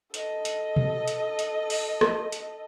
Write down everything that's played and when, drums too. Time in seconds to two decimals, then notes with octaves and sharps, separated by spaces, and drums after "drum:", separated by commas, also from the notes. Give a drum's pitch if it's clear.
0.14 A4 D#5, drum: hi-hat
0.45 drum: hi-hat
0.76 drum: tom B2
1.08 drum: hi-hat
1.39 drum: hi-hat
1.70 drum: open hi-hat
2.01 drum: rim click
2.32 drum: hi-hat